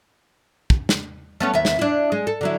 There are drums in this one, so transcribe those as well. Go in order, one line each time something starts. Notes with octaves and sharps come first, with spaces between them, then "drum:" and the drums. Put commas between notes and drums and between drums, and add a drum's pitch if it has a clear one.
drum: kick
drum: snare
A3 B3 C#4
D#2 B3 E5
drum: snare
D4 E4
G#3
A4
D3 F#3 E4